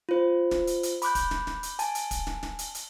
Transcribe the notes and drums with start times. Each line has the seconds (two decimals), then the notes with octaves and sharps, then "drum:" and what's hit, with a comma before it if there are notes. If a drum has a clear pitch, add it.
0.09 F4 C5
0.51 drum: snare
0.67 drum: hi-hat
0.83 drum: hi-hat
1.02 B5 D6 F#6 G6, drum: hi-hat
1.15 drum: kick, hi-hat
1.31 drum: snare
1.47 drum: snare
1.63 drum: hi-hat
1.79 G#5 A5, drum: hi-hat
1.95 drum: hi-hat
2.11 drum: kick, hi-hat
2.27 drum: snare
2.43 drum: snare
2.59 drum: hi-hat
2.75 drum: hi-hat